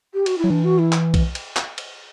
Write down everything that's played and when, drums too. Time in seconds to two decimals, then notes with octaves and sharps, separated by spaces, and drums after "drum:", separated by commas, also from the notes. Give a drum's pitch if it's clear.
0.14 G4
0.26 F#4, drum: cymbal
0.38 E4
0.44 F#3
0.50 E3 D4
0.64 F#4
0.79 E4
0.93 drum: clap
1.14 drum: kick B1, cymbal
1.35 drum: cymbal
1.57 drum: clap
1.78 drum: cymbal